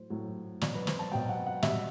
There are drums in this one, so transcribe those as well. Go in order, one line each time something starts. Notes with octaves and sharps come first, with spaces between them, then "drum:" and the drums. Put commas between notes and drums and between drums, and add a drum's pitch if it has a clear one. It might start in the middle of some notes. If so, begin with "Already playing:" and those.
Already playing: A2 F#3 C5
A2 F#3
B2 F#3 D5, drum: snare
B4
C5, drum: snare
A5
B2 F#3 G5
F#5
F#5
B2 G3 E5, drum: snare